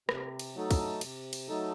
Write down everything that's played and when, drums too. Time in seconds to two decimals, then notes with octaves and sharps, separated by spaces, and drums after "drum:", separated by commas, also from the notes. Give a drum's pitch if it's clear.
0.09 C3, drum: rim click
0.39 drum: cymbal
0.55 F#3 A3 D#4 A4
0.71 drum: kick, cymbal
1.01 C3, drum: cymbal
1.33 drum: cymbal
1.49 F#3 A3 D#4 A4